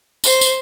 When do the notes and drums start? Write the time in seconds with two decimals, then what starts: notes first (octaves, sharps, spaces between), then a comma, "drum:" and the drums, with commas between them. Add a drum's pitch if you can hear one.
0.24 C5, drum: tambourine
0.41 drum: tambourine